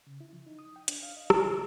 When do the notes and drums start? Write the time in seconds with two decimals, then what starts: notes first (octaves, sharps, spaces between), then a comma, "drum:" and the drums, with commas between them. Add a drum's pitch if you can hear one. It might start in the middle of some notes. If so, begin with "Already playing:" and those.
0.07 C#3
0.21 E4
0.33 F3
0.46 D#4
0.59 D#6
0.76 G5
0.88 D4, drum: hi-hat
1.03 F5
1.17 D#5
1.30 F6, drum: rim click
1.43 C#3